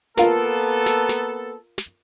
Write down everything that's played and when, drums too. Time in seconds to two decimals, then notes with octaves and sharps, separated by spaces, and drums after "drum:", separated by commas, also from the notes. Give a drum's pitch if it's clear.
0.17 A#3 B3 F4 A4 A#4, drum: snare
0.86 drum: snare
1.09 drum: snare
1.78 drum: snare